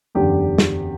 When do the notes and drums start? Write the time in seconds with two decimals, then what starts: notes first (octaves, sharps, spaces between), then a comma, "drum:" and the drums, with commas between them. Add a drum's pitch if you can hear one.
0.15 F#1 E2 D3 G4
0.58 drum: snare